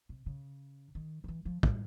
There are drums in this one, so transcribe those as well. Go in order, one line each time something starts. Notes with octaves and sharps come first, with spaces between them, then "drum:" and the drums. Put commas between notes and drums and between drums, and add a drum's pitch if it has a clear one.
C3
C#3
D#3
D#3
E3
F3
G3, drum: kick